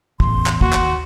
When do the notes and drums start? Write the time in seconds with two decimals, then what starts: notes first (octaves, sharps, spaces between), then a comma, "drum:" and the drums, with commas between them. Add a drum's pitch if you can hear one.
0.20 A1 E2 C6, drum: kick
0.46 drum: clap
0.61 D#2 A#3 F#4 C6, drum: kick
0.73 drum: clap